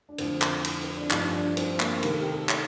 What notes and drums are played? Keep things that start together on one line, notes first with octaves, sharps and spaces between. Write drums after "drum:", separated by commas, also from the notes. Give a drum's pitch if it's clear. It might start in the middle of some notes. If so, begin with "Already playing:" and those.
D4
F2 D3 F3 A3 C4, drum: cymbal
C4, drum: clap
drum: cymbal
C4
D4
G2 F3 A3 D#4, drum: clap
D4
D4
C4, drum: cymbal
A#3, drum: clap
C3 D#3 A3 A#4, drum: cymbal
A4
G4
A4
drum: clap